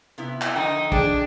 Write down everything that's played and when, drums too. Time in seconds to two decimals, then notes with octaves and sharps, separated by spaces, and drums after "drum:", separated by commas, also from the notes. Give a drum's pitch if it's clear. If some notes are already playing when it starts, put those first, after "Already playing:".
0.18 C3 B3 E4
0.41 drum: clap
0.55 D3 F3 D#4 G5
0.92 D4 G#4 G5, drum: kick